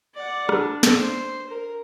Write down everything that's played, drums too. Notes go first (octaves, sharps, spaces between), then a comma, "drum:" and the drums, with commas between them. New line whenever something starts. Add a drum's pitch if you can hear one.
D5 F#5
D4, drum: rim click
drum: snare
C5
A#4